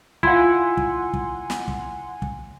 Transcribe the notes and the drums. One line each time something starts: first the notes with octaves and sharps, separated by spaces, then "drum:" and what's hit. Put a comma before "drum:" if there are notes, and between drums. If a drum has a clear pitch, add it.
E4 F4 F5 F#5 G#5 C6, drum: kick
drum: kick
drum: kick
drum: snare
drum: kick
drum: kick